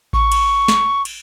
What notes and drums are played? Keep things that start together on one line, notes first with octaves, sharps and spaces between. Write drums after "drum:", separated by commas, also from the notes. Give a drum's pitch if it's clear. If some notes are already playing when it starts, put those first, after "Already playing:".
C#6, drum: kick A1
drum: cymbal
drum: snare
drum: cymbal